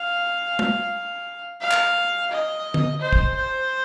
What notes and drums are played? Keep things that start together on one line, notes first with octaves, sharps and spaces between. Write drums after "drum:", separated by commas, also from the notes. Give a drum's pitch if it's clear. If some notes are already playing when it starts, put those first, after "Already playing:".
Already playing: F5
drum: tom G#3
F5
drum: clap
D#5
drum: tom D3
C5
drum: kick
C5